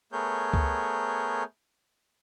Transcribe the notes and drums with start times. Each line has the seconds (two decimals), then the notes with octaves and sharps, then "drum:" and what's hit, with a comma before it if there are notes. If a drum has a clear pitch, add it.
0.12 A3 B3 G#4 A#4 C#5 G6
0.53 drum: kick C#2